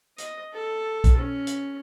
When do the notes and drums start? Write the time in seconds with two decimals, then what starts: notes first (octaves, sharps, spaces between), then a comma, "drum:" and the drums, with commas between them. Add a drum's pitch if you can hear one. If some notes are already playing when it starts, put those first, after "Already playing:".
0.18 D#5, drum: hi-hat
0.53 A4
1.04 drum: kick B1, hi-hat
1.17 C#4
1.47 drum: hi-hat